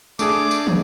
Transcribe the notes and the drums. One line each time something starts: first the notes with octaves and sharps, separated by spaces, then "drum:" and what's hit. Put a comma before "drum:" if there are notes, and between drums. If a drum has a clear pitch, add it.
A3 D4 G#4 D6, drum: tambourine
drum: tambourine
drum: tom